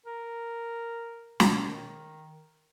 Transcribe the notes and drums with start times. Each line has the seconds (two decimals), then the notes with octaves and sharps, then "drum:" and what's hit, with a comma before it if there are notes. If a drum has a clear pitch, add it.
0.06 A#4
1.40 B2, drum: snare
1.68 D#3